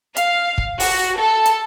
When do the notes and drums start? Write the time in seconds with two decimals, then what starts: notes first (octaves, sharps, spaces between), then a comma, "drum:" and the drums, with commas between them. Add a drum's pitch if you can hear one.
0.17 F5, drum: hi-hat
0.58 drum: kick
0.80 F#4, drum: open hi-hat
1.18 A4
1.46 drum: hi-hat